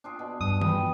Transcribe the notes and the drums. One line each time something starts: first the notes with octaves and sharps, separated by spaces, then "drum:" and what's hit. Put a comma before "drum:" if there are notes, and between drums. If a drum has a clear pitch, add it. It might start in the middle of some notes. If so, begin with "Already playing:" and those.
D4 F4 G#4
B2 B3
G2 D#6
B4 G5 B5, drum: tom D#3